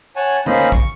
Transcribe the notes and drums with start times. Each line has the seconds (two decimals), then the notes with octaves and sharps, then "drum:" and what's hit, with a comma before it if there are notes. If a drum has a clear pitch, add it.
0.16 C#5 F#5 G#5 A5
0.46 A#3 C#4 D#4 C5 D#5 B5, drum: tom
0.72 C#6, drum: kick